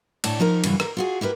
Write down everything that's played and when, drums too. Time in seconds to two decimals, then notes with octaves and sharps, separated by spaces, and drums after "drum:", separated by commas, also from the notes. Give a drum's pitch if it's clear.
0.24 D2 A2 C#5 D5 A5, drum: cymbal
0.40 F3 D#4 A#4
0.64 F#2 C#3 E3 G3, drum: cymbal
0.80 A#4, drum: rim click
0.97 F4 F#4 G#4
1.21 E4 G4 A#4 B4